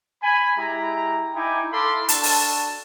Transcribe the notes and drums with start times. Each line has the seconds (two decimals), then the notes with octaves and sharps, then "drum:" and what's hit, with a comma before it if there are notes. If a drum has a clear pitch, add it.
0.22 G#5 B5
0.58 G#3 E4 G4 A#5
1.35 D#4 E4 G5 G#5 B5 D6
1.72 E4 A4 F5 B5 C6 D6
2.09 D4 F#4 A4 A5, drum: hi-hat
2.23 drum: open hi-hat